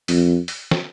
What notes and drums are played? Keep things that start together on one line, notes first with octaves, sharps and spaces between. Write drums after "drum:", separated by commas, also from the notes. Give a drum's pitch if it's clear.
F2, drum: open hi-hat
drum: open hi-hat
drum: snare